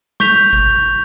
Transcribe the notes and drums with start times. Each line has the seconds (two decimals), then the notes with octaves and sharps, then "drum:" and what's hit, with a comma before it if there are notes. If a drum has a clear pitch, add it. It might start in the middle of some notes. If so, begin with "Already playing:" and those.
0.20 C#6 G6 B6 F7, drum: snare
0.53 drum: kick G#1